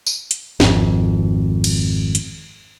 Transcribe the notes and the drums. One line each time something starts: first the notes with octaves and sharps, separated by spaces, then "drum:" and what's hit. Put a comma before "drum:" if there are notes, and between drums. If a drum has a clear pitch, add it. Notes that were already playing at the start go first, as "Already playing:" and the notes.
drum: tambourine
drum: hi-hat
G#1 F2, drum: snare
drum: cymbal
drum: hi-hat